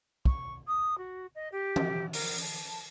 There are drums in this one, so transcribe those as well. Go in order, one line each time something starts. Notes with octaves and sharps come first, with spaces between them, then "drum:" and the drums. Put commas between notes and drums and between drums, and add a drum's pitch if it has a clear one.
C#6, drum: kick
D#6
F#4
D#5
G4
drum: tom E3
A#4, drum: open hi-hat
A5